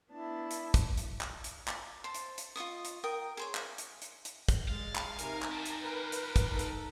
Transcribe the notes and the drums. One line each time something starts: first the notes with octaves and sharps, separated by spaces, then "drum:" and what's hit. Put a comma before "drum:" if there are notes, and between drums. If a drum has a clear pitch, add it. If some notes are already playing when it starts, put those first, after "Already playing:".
B3 D4 E4 A5
drum: hi-hat
drum: kick, hi-hat
drum: hi-hat
drum: clap
drum: hi-hat
drum: clap
C5 A5
drum: hi-hat
drum: hi-hat
F4 D#5 C#6 D#6
drum: hi-hat
A#4 G5 D#6
G#4 C5 C#5
drum: clap
drum: hi-hat
drum: hi-hat
drum: hi-hat
drum: kick, hi-hat
G#3 F5 A6
drum: clap
C3 D#4 A#4 G#5, drum: hi-hat
drum: clap
F4 G4 A5
drum: hi-hat
A#4 B4
drum: hi-hat
drum: kick, hi-hat
D#4 A4
drum: hi-hat